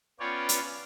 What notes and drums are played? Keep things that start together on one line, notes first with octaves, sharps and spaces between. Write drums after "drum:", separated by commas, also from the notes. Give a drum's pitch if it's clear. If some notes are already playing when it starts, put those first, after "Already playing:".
B3 C#4 F4 C#5 D5 G5
drum: hi-hat